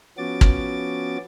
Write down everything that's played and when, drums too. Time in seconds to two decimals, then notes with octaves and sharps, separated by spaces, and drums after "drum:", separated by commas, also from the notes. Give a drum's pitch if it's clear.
0.18 F3 B3 C#4 F#4 D6 A6
0.41 drum: kick